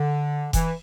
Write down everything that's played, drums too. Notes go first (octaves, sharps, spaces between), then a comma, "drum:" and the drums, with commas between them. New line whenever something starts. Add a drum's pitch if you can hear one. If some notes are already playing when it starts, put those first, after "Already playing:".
Already playing: D3
E3, drum: kick F1, hi-hat